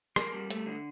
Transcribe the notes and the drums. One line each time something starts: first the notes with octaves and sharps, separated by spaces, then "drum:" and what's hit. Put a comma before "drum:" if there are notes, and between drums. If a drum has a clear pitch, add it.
A#3, drum: rim click
G3
A3, drum: hi-hat
D3